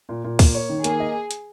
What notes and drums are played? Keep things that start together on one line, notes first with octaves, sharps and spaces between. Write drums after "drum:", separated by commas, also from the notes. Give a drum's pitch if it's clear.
A#2
A#2
A#3, drum: kick, open hi-hat
C#5
D#3
A#3 G#4, drum: hi-hat
D#5
drum: hi-hat